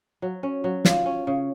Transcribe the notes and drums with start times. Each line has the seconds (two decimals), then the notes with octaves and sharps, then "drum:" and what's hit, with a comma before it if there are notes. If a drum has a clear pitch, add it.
0.22 F#3
0.43 C#4
0.64 F#3
0.85 F4, drum: snare
1.06 C#4
1.27 C#3